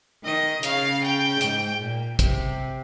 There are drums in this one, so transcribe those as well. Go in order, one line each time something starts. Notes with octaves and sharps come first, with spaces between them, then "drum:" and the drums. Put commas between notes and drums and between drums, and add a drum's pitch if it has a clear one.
D#3 D#5
C#3 F5, drum: hi-hat
G5
G#2, drum: hi-hat
A#2
C3, drum: kick, hi-hat